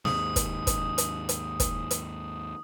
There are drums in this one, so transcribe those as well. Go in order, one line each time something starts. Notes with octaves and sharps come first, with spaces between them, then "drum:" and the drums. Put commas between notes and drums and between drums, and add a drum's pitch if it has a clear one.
D#2 G#2 D#6, drum: snare
drum: kick, hi-hat
drum: kick, hi-hat
drum: hi-hat
drum: hi-hat
drum: kick, hi-hat
drum: hi-hat